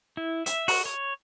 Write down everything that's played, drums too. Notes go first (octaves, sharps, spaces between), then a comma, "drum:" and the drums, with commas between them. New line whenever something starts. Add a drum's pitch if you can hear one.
E4
E5, drum: hi-hat
F#4, drum: open hi-hat
C#5